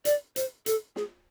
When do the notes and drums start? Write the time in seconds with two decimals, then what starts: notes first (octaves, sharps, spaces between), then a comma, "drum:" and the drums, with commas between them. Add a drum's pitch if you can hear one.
0.05 D5, drum: hi-hat
0.36 C5, drum: hi-hat
0.66 A4, drum: hi-hat
0.96 G#4, drum: snare